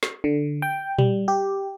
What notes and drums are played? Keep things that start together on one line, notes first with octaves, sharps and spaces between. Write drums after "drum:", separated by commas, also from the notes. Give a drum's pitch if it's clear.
drum: snare
D3
G5
G3, drum: tom A#2
G4